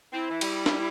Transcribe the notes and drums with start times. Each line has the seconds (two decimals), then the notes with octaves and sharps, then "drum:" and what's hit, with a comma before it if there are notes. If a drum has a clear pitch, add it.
0.12 C4 E4
0.30 E3
0.41 G3, drum: cymbal
0.66 drum: snare